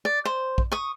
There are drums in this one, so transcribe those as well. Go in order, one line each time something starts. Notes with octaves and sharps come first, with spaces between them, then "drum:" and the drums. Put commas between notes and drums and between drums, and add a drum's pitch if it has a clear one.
D5
C5
drum: kick
C#6 D#6